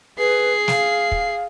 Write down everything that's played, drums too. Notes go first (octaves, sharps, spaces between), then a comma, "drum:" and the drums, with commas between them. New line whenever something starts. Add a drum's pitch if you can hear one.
G#4 B4 C7
F5, drum: snare
drum: kick